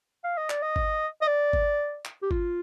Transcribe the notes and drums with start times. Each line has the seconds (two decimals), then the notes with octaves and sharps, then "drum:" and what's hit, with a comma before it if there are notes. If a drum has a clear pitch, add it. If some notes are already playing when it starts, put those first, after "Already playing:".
0.24 F5
0.37 D#5
0.50 D5, drum: clap
0.62 D#5
0.76 drum: kick G#1
1.21 D#5
1.27 D5
1.53 drum: kick G#1
2.05 drum: clap
2.22 G4
2.31 F4, drum: kick G#1